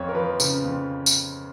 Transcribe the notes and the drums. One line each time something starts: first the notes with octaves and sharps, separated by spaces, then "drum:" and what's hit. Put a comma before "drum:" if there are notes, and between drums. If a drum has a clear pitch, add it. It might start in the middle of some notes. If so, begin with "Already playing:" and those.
Already playing: F2 C#5
A#4
F3 B4
C#3, drum: tambourine
F2
drum: tambourine